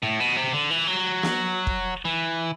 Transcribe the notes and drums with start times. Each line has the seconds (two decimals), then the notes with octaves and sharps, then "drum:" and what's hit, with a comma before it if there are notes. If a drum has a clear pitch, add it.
0.03 A2
0.20 B2
0.37 C3
0.53 D3
0.71 E3
0.87 F#3
1.23 drum: snare
1.67 drum: kick
2.05 E3